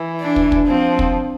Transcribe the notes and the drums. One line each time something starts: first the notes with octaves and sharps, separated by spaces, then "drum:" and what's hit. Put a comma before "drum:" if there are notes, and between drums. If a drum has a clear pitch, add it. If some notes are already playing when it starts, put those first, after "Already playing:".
Already playing: E3
D4
drum: kick
drum: kick
F3 C4
drum: kick